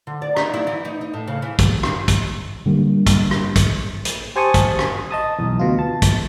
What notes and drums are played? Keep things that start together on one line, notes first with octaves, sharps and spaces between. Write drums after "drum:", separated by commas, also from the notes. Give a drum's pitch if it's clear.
D3
D5
D#4, drum: rim click
E4
E3
D#4
D#4
A2
C#3
E3
drum: kick, hi-hat
drum: rim click
drum: kick, hi-hat
D3 G3 A#3
drum: kick, hi-hat
drum: rim click
drum: kick, hi-hat
drum: hi-hat
G4 C5 G#5 A5 C#6 D#6
drum: kick, hi-hat
drum: rim click
D#5 A5 D#6
B1 E2
D2 B2 F4
A5
drum: kick, hi-hat